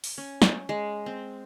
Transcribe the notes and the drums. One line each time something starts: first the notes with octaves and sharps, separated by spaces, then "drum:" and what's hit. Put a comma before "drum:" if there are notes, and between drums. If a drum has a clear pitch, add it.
drum: open hi-hat
C#4
drum: snare
G#3
C4